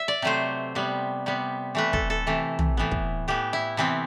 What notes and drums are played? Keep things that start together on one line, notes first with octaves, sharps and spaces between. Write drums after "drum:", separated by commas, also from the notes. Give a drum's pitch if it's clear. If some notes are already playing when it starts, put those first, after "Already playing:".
Already playing: E5
D5
C3 F#3 A3 C5
C3 G3 B3
C3 G3 B3
C3 E3 A3 B4
A4, drum: kick
A4
C3 E3 A3
drum: tom
A2 E3 B3
drum: kick
A2 E3 B3 G4
E4
C3 E3 B3 C4